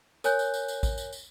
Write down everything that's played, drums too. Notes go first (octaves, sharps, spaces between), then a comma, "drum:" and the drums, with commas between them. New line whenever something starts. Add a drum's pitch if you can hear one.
A#4 C#5 G#5 F#6 G6, drum: tambourine
drum: tambourine
drum: tambourine
drum: tambourine
drum: kick A1, tambourine
drum: tambourine
drum: tambourine